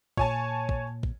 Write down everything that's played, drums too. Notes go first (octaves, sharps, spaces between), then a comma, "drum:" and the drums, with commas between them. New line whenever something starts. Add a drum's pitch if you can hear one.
A#2 C#5 G#5 A5, drum: kick
drum: kick
drum: kick